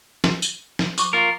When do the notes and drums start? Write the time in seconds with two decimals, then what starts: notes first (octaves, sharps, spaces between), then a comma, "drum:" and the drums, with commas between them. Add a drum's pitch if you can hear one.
0.24 drum: snare
0.42 drum: tambourine
0.79 drum: snare
0.98 C#6 D6, drum: tambourine
1.13 F4 A#4